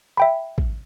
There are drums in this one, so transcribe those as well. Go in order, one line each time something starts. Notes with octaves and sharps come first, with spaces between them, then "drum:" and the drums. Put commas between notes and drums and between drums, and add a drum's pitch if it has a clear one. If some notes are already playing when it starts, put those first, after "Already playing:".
E5 G5 B5
drum: kick